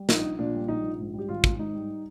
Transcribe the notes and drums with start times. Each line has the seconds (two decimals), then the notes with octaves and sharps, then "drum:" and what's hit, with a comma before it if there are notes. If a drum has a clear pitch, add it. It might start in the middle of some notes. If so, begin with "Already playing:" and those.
Already playing: G3
0.09 A#1 D#4, drum: snare
0.24 A#1
0.39 A#2 D4
0.54 G3
0.68 A#1 D#4
0.84 A#1
0.99 G#2
1.14 G3 G4
1.29 G#1 F4
1.44 G#1, drum: kick
1.58 G#2 D#4
1.74 G3